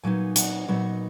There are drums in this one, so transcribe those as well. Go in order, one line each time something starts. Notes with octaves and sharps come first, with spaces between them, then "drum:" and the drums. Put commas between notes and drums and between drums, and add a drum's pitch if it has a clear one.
A#2 F#3 B3 D#4 G#5
F#5, drum: hi-hat
A#2 F#3 B3 D#4